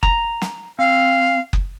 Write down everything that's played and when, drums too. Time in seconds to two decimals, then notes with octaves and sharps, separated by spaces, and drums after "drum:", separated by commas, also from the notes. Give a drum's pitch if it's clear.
0.03 A#5, drum: kick F#1
0.42 drum: snare
0.79 C4 F5
1.53 drum: kick F#1